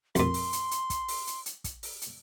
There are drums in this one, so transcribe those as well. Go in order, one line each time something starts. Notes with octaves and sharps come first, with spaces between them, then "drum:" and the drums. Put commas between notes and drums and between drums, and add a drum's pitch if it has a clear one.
F2 A#2 C6, drum: kick, hi-hat
drum: open hi-hat
drum: hi-hat
drum: hi-hat
drum: kick, hi-hat
drum: open hi-hat
drum: hi-hat
drum: hi-hat
drum: kick, hi-hat
drum: open hi-hat
drum: hi-hat